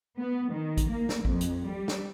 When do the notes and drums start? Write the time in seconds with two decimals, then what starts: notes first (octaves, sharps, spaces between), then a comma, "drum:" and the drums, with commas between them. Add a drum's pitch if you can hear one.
0.19 B3
0.53 D#3
0.77 drum: kick A1, hi-hat
0.89 A#3
1.09 drum: snare
1.25 F2, drum: kick A1
1.41 drum: hi-hat
1.68 G3
1.88 drum: snare